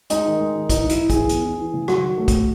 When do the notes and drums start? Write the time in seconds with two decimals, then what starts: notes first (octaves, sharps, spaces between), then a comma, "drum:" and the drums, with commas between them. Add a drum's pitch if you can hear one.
0.10 G#3 D#4, drum: hi-hat
0.26 D#3
0.40 G#3
0.55 D#3
0.69 E3 D#4, drum: kick, hi-hat
0.84 G#2
0.89 E4, drum: hi-hat
1.00 G#2
1.10 E3 G#4, drum: kick, hi-hat
1.29 E2, drum: hi-hat
1.44 E3
1.59 E3
1.74 C#3
1.88 F#3 F#4, drum: rim click
2.03 D#3
2.18 A3
2.28 drum: kick, hi-hat